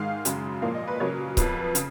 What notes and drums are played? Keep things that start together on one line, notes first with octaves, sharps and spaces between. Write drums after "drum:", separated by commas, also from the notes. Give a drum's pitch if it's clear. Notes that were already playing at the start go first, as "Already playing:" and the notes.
Already playing: G#2 D#3 G#3 F5
F#2 C#3 G#3, drum: hi-hat
A#2 F3 A#3 F5
D#5
B4
C#3 F#3 A#3 C#5
F2 F3 B3 B4, drum: kick C#1, hi-hat
C#3, drum: hi-hat